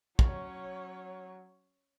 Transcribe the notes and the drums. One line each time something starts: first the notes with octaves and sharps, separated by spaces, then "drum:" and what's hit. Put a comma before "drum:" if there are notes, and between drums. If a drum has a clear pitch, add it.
F#3 C#4 C#5, drum: kick